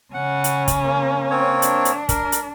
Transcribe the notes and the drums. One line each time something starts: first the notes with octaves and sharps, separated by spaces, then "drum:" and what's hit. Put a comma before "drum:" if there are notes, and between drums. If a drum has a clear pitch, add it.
C#3 C#4 F#5
drum: hi-hat
drum: kick, hi-hat
A#3
A#3 C4 C#5
D4, drum: hi-hat
drum: hi-hat
A#4, drum: kick, hi-hat
drum: hi-hat